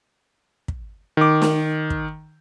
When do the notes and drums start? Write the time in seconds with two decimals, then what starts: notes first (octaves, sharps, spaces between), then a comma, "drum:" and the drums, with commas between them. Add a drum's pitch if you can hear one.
0.68 drum: kick
1.17 D#3 D6
1.42 drum: snare
1.90 drum: kick